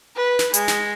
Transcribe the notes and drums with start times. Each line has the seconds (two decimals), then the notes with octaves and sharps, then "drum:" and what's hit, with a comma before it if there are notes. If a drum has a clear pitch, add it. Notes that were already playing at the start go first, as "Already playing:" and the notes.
0.16 B4
0.39 drum: snare
0.54 G#3, drum: hi-hat
0.68 drum: snare